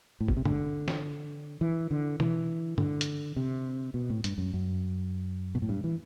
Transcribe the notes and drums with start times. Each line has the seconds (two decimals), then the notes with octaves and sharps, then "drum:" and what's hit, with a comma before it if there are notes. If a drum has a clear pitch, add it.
0.21 A2
0.28 B2, drum: kick
0.37 C3
0.45 D3, drum: tom
0.88 drum: snare
1.61 E3
1.91 D3
2.20 E3, drum: tom B2
2.78 D3, drum: tom
3.01 drum: hi-hat
3.36 C3
3.94 B2
4.10 A2
4.24 G2, drum: hi-hat
4.38 F#2
4.54 F#2
5.55 B2
5.62 A2
5.69 G2
5.84 E3